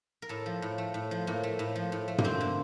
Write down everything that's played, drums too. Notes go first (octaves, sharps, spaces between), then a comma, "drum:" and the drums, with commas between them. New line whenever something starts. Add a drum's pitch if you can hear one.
A#4
A2 A4
F3
A2
A3
A2
F3
A2 A#3
A3
A2
F3
A2
A3
A#3, drum: tom
G2 C4
D3